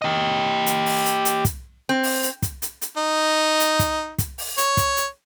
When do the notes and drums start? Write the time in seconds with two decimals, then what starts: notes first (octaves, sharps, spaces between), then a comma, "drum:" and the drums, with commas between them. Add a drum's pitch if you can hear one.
0.02 G4 D#5
0.66 drum: hi-hat
0.86 drum: open hi-hat
1.05 drum: hi-hat
1.25 drum: hi-hat
1.45 drum: kick, hi-hat
1.89 C4
2.03 drum: open hi-hat
2.23 drum: hi-hat
2.42 drum: kick, hi-hat
2.62 drum: hi-hat
2.82 drum: hi-hat
2.97 D#4
3.60 drum: hi-hat
3.79 drum: kick, hi-hat
4.18 drum: kick, hi-hat
4.38 drum: open hi-hat
4.58 C#5, drum: hi-hat
4.77 drum: kick, hi-hat
4.97 drum: hi-hat